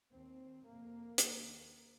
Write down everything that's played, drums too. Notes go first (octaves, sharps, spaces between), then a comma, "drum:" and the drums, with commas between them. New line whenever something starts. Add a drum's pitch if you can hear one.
D#2 C4
F2 C3 A#3
D#2, drum: hi-hat